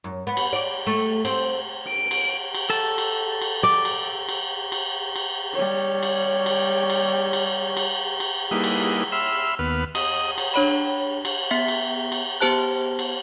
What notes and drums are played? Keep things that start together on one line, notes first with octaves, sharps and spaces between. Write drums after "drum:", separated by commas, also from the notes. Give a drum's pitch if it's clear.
F#2
B3
drum: cymbal
D5
A3
C4, drum: cymbal
D7
drum: cymbal
drum: cymbal
A4 A5
drum: cymbal
drum: cymbal
D5
drum: cymbal
drum: cymbal
drum: cymbal
drum: cymbal
G3 C#5
drum: cymbal
drum: cymbal
drum: cymbal
drum: cymbal
drum: cymbal
drum: cymbal
G3 A#3 D#4 E4 G#4 B4
drum: cymbal
E5 B5 C6 E6 F6
D#2 B3 B4 F6
D#5 D#6, drum: cymbal
drum: cymbal
D4 C#5 B5
drum: cymbal
B3 E5 B6
drum: cymbal
drum: cymbal
B3 G4 C5 A5 F#6
drum: cymbal